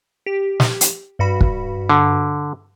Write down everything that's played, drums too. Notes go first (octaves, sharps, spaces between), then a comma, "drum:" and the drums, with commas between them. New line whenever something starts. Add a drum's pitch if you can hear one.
G4
drum: snare
drum: hi-hat
G2 F#4 B5
drum: kick
D3